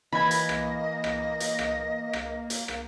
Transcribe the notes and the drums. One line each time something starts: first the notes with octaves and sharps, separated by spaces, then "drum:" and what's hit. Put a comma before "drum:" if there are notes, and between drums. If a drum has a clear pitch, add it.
E3 A#3 D#5 B5 G#6
drum: hi-hat
drum: rim click
drum: rim click
drum: hi-hat
drum: rim click
drum: rim click
drum: hi-hat
drum: rim click